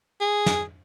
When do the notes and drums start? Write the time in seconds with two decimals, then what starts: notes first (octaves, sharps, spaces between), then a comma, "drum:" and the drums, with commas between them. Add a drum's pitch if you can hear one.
0.20 G#4
0.46 drum: snare